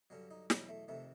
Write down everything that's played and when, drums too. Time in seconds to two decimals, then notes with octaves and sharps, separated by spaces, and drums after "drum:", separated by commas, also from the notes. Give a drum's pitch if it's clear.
0.10 G2 D3 F#3 C#4
0.31 D#4
0.50 E2 B2 F#3, drum: snare
0.69 A3
0.88 F2 C3 D#3 A3